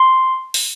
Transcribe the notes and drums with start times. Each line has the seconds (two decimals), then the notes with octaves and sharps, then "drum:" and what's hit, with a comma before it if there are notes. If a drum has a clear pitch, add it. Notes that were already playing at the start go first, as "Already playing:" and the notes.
Already playing: C6
0.54 drum: open hi-hat